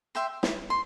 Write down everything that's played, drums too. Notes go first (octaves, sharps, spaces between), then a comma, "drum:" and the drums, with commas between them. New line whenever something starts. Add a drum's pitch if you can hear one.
E5 G5 C6
E4, drum: snare
C6